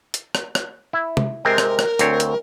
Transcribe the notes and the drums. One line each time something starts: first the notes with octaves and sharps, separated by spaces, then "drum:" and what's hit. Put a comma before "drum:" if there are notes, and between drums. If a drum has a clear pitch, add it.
drum: hi-hat
drum: rim click
drum: rim click
E4
drum: tom
C3 G#3 C4 A#4
drum: rim click
drum: rim click
D2 C4 C#5, drum: hi-hat
drum: hi-hat